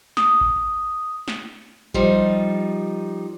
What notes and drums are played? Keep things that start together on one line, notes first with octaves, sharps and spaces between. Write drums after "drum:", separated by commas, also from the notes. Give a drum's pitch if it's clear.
D#6, drum: snare
drum: kick A1
drum: snare
F3 G3 D#4, drum: kick A1